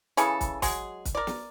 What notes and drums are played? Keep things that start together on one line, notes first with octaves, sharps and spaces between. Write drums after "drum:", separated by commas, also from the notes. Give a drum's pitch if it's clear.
C#3 E3 G#4 A4, drum: hi-hat
drum: kick, hi-hat
F#3 G#3 G#4, drum: kick, open hi-hat
drum: kick, hi-hat
A#4 D5
drum: snare